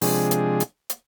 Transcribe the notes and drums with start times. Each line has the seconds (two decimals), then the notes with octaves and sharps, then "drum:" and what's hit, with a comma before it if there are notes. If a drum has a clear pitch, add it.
0.02 C3 F3 G#3 D4 G#4, drum: open hi-hat
0.31 drum: hi-hat
0.60 drum: hi-hat
0.90 drum: hi-hat